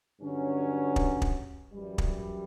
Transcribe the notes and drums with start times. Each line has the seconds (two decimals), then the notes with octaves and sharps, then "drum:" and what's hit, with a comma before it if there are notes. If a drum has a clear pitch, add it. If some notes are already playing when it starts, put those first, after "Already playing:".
0.20 G2 D3 F#3 C#4
0.96 drum: kick
1.22 drum: kick
1.72 F#2 E3 G3
1.98 drum: kick